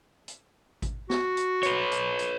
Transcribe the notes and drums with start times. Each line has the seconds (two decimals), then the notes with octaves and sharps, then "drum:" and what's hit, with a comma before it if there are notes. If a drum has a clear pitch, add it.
0.28 drum: hi-hat
0.82 drum: kick G#1, hi-hat
1.10 F#4, drum: snare
1.37 drum: hi-hat
1.63 B4 C#5, drum: hi-hat
1.92 drum: hi-hat
2.19 drum: hi-hat